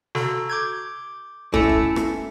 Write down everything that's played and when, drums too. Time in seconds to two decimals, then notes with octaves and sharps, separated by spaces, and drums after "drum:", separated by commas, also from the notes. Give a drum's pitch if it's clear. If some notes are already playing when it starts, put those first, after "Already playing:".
0.15 F#4 A4 A#5, drum: snare
0.49 D6 G6 G#6
1.54 A3 C#4 E4 C#7, drum: kick
1.69 drum: kick
1.96 drum: rim click